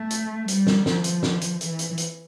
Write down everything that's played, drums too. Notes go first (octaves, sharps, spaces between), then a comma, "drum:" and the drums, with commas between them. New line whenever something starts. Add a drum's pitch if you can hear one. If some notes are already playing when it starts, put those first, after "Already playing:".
Already playing: A3
drum: hi-hat
G3, drum: hi-hat
drum: snare
F3, drum: snare
drum: hi-hat
drum: snare
drum: hi-hat
E3, drum: hi-hat
drum: hi-hat
drum: hi-hat